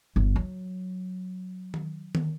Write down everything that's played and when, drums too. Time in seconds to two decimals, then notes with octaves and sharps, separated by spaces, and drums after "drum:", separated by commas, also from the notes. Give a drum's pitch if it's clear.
0.16 G1
0.36 F#3
1.74 drum: tom D#3
2.15 drum: tom D#3